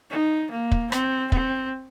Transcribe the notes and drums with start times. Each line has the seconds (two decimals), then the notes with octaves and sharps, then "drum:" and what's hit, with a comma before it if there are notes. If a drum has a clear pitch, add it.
0.11 D#4
0.51 A#3
0.71 drum: kick
0.92 C4, drum: rim click
1.32 C4, drum: kick